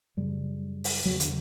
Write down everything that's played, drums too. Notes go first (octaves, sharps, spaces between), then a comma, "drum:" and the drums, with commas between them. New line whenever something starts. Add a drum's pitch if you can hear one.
F#2 C#3 G3
drum: open hi-hat
E2 C#3 F#3
D3, drum: hi-hat